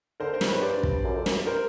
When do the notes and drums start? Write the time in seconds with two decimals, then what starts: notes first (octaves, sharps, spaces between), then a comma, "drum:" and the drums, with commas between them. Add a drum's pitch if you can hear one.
0.20 D3 A#4 C5
0.34 A#4 C5
0.41 C3, drum: snare
0.48 G#2 B4 C#5
0.62 G2 C5 D5
0.83 drum: kick
1.04 F#2
1.15 F2
1.26 F#2, drum: snare
1.36 G2
1.46 A#4 C5